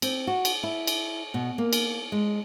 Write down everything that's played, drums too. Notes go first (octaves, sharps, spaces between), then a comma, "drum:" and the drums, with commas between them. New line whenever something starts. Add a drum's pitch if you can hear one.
C4, drum: cymbal
F#4
drum: cymbal
E4
drum: cymbal
B2
A#3
drum: cymbal
G#3